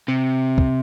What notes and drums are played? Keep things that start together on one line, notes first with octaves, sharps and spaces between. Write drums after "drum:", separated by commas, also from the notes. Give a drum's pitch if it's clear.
C3
drum: kick